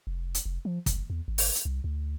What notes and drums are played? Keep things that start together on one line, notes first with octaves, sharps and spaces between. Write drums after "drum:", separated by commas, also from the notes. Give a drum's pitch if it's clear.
F1
drum: hi-hat
F1
F3
F#1, drum: kick, hi-hat
E2
G#1
drum: open hi-hat
drum: hi-hat
C2
D2